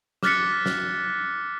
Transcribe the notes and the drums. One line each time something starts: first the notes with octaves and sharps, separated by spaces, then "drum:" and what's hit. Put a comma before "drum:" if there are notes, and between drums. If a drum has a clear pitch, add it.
D6 F6 F#6 A6 B6 C#7, drum: snare
drum: snare